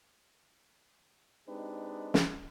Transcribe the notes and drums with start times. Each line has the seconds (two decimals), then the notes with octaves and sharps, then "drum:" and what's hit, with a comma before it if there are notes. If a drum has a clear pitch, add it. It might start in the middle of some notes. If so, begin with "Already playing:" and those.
1.48 G#3 C4 D4 D#4 G4 B4
2.14 drum: snare